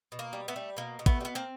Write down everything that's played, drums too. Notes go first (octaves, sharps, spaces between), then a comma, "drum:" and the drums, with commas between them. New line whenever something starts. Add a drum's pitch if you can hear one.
B2
A#3
G3
A3 B3
G3
B2 A#3
B2
A3 B3, drum: kick
G3
B3
A#3 C4